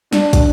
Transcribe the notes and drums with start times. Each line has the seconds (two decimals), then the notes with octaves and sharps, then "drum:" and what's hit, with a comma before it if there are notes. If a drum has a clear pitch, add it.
0.12 D4, drum: snare
0.33 drum: kick, hi-hat